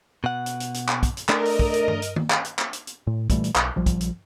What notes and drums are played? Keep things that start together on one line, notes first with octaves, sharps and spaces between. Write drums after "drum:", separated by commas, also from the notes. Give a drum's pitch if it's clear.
B2 F#5
drum: hi-hat
drum: hi-hat
drum: hi-hat
drum: clap
drum: kick, hi-hat
drum: hi-hat
A3 D4 A#4 D#5, drum: clap
drum: open hi-hat
drum: kick
drum: hi-hat
drum: tom G2
drum: hi-hat
drum: tom D#3
drum: clap
drum: hi-hat
drum: clap
drum: hi-hat
drum: hi-hat
A2
A#2 E3 G3 A3, drum: kick, hi-hat
drum: hi-hat
B1, drum: clap
A#1 F3 G3
drum: kick, hi-hat
drum: hi-hat